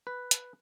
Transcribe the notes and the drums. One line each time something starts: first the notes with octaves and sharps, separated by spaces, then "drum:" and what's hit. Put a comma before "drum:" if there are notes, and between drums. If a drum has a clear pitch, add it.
B4
drum: hi-hat